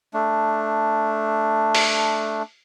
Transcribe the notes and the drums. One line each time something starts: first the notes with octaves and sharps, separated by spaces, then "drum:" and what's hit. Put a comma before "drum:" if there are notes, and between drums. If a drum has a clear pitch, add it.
A3 D4
drum: open hi-hat